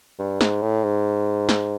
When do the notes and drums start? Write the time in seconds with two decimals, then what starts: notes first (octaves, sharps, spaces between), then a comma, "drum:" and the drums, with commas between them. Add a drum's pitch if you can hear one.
0.19 G2
0.41 G#2, drum: snare
0.62 A2
0.84 G#2
1.49 drum: snare